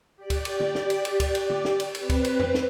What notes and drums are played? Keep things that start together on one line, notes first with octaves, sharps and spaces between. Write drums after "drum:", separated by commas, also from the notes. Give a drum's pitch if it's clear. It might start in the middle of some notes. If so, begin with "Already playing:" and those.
G4 D5
drum: kick, cymbal
drum: cymbal
drum: tom D3
drum: snare
drum: cymbal
drum: cymbal
drum: kick, cymbal
drum: cymbal
drum: tom D3
drum: snare
drum: cymbal
C4 B4, drum: cymbal
drum: kick, cymbal
drum: cymbal
drum: tom F2
drum: snare